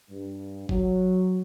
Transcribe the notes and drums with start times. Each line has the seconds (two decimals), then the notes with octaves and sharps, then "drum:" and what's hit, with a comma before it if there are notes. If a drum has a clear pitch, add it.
0.10 G2
0.69 F#3, drum: kick F#1